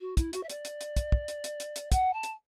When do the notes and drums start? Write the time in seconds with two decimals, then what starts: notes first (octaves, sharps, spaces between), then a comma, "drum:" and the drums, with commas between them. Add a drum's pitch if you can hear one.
0.01 F#4
0.17 E4, drum: kick, hi-hat
0.33 F#4, drum: hi-hat
0.43 E5
0.50 D5, drum: hi-hat
0.65 drum: hi-hat
0.81 drum: hi-hat
0.96 drum: kick, hi-hat
1.12 drum: kick
1.28 drum: hi-hat
1.44 drum: hi-hat
1.60 drum: hi-hat
1.76 drum: hi-hat
1.92 F#5, drum: kick, hi-hat
2.13 A5
2.23 drum: hi-hat